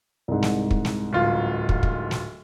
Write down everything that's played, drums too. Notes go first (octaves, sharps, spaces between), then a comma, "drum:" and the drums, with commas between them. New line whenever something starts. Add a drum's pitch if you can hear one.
C2 G#2
drum: snare
drum: kick
drum: snare
D1 F4
drum: kick
drum: kick
drum: snare